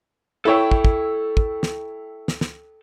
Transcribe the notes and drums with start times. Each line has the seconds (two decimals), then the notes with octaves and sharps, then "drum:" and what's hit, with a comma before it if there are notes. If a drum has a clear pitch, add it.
0.45 E4 A4 C#5 G5
0.71 drum: kick
0.85 drum: kick
1.37 drum: kick
1.63 drum: snare
2.28 drum: snare
2.41 drum: snare